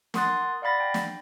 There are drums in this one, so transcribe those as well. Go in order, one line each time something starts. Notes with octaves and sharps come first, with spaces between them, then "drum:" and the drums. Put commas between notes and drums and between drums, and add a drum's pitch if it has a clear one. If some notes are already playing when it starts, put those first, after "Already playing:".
A#4 F#5 C6 D#6 F#6 A6, drum: snare
D5 F5 F#5 B5 A6 A#6
G5
drum: snare